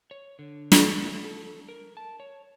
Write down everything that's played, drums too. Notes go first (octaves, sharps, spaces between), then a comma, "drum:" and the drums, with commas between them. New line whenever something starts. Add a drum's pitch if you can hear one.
C#5
D3
F#3, drum: snare
A3
A4
A#4
A5
C#5